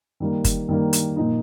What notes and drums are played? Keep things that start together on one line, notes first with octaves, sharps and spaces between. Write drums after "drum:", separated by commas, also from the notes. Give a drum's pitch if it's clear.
D#3 G3 A#3
drum: kick, hi-hat
D#3 G3 A#3
drum: hi-hat
A#2 F3 A#3 D#4